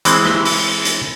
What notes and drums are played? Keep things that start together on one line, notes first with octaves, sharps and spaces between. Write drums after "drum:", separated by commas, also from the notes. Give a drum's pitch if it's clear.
E3 G#3 C4, drum: hi-hat
drum: rim click
drum: open hi-hat
drum: hi-hat